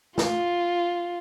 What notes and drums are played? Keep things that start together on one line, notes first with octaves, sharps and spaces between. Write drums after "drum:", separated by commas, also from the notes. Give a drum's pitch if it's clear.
F4, drum: snare